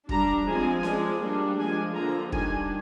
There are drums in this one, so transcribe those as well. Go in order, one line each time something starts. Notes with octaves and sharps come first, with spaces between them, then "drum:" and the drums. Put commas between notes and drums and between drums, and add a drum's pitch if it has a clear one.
G3 D4 A#5, drum: kick
F3 G#3 C4 G#5
F3 G#3 D4, drum: snare C#4
G3 A#3 D4
F3 G#3 D4 G#5
D3 F3 A#3 A#5
D#3 G3 D4 G#5, drum: kick